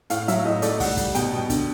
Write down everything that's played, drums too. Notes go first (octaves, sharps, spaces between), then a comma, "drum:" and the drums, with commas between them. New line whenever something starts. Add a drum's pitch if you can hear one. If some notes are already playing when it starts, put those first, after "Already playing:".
A2 F5, drum: hi-hat
F5
F#3 E5, drum: hi-hat
A2 D#5
A3 D5, drum: hi-hat
G3 F#5, drum: kick, open hi-hat
G3, drum: kick, hi-hat
B2 G5, drum: hi-hat
B2
D3, drum: kick, hi-hat